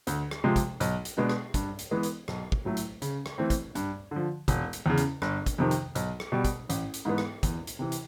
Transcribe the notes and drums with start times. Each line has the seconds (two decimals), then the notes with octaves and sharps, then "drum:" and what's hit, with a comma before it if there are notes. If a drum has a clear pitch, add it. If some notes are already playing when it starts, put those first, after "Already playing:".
0.07 D2, drum: hi-hat
0.31 drum: rim click
0.44 C3 F3 G#3
0.56 drum: kick, hi-hat
0.80 B1, drum: hi-hat
1.05 drum: hi-hat
1.17 B2 G#3 B3 D4
1.30 drum: rim click
1.54 G2, drum: kick, hi-hat
1.79 drum: hi-hat
1.91 E3 G#3 B3
2.03 drum: hi-hat
2.28 B1, drum: rim click
2.52 drum: kick
2.65 A2 F#3 A3
2.77 drum: hi-hat
3.02 C#3, drum: hi-hat
3.26 drum: rim click
3.38 E3 A3 C4
3.50 drum: kick, hi-hat
3.75 G2, drum: hi-hat
4.11 D3
4.16 F3
4.48 E1, drum: kick, hi-hat
4.73 drum: hi-hat
4.86 E2 C#3
4.97 drum: hi-hat
5.22 G1, drum: rim click
5.46 drum: kick, hi-hat
5.58 F2 C3 D#3
5.71 drum: hi-hat
5.95 B1, drum: hi-hat
6.20 drum: rim click
6.32 B2 G3
6.45 drum: kick, hi-hat
6.69 A1, drum: hi-hat
6.94 drum: hi-hat
7.05 G#2 E3 G#3 B3
7.18 drum: rim click
7.43 E2, drum: kick, hi-hat
7.67 drum: hi-hat
7.79 C3 E3
7.92 drum: hi-hat